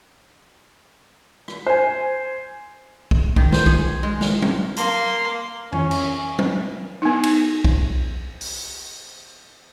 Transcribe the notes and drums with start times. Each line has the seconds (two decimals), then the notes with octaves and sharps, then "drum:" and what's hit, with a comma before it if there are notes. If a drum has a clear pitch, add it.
1.48 drum: rim click
1.66 C5 G#5
3.11 drum: kick B1
3.36 D#3, drum: kick B1
3.52 C5, drum: snare
3.66 G#4, drum: kick B1
4.03 G#3
4.21 F5, drum: snare
4.42 drum: tom F#3
4.76 A#3 C6, drum: hi-hat
5.72 C#4, drum: tom F2
5.91 drum: cymbal
6.39 drum: tom F#3
7.02 B3 D#4
7.23 drum: cymbal
7.65 drum: kick B1
8.41 drum: open hi-hat